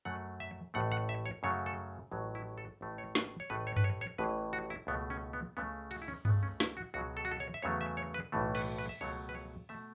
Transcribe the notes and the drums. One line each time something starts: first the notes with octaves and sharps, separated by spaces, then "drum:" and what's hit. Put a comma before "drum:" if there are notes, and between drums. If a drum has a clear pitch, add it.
F#2 F#3 A3 F#5
E5, drum: hi-hat
A1 A2 A3 F#5
F#5
E5
C#5
F#2 C#3 F#3 A3 C#5
A4, drum: hi-hat
A1 A2 F#3
E4
A4
A1 A2 A3
C#5
B4, drum: snare
C#5
A1 A2 A3 B4
C#5
B4, drum: tom G2
C#5
C#5
A1 A2 E3 B4, drum: hi-hat
F#4
E4
C#2 B2 A3 B3
C#4
B3
C#2 C#3 A3 B3
F#4, drum: cymbal
E4
C#4
C#2 C#3 A3 B3, drum: tom G2
C#4
E4, drum: snare
F#4
C#2 B2 F#3 F#4
A4
F#4
A4
C#5
E5
E2 C#3 F#3 A3 C#5, drum: hi-hat
E5
C#5
B4
B1 A2 E3 A3
B4, drum: cymbal
B4
E5
C#2 B2 F#3 A3 C#5
B4
C#5
B2 A3 E5, drum: open hi-hat